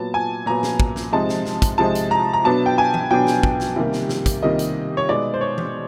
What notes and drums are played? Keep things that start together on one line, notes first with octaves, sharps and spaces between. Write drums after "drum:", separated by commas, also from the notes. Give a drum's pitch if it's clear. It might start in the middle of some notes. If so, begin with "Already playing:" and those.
Already playing: A#2 F#3 B3 A5
G#5
A#2 F#3 B3 A#5
drum: snare
drum: kick
drum: snare
C3 F3 G#3 C4 D#4 A5
drum: snare
drum: snare
drum: kick, hi-hat
C3 F3 G#3 C4 D#4 A5
drum: hi-hat
A#5
A#5
B2 F#3 B3 D4 A5
G5
G#5
drum: tom E3
B2 F#3 B3 D4 G5
drum: snare
drum: kick
drum: snare
C3 D#3 G3 A#3
drum: snare
drum: snare
drum: kick, hi-hat
C3 D#3 G3 A#3 D#5
drum: hi-hat
C#5
B2 G#3 B3 D#4 D5
C5
C#5
drum: tom E3